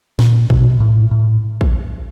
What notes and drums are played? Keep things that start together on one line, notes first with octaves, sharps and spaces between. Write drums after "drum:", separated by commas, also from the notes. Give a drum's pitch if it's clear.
A#2, drum: snare
B2, drum: kick
A2
A2
drum: kick